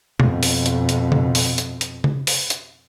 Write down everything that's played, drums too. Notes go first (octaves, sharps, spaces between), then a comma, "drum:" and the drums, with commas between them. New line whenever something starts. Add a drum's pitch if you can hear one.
F2 B2, drum: tom B2
drum: open hi-hat
drum: hi-hat
drum: hi-hat
drum: tom C#3
drum: open hi-hat
drum: hi-hat
drum: hi-hat
drum: tom C#3
drum: open hi-hat
drum: hi-hat